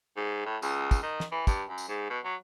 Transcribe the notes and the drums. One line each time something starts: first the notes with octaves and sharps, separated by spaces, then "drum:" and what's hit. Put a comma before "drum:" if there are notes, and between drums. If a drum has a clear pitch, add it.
G#2
A2
C#2, drum: tambourine
drum: kick, tambourine
D#3
drum: snare
E3
G2, drum: kick, tambourine
F#2
drum: tambourine
G#2
B2
F#3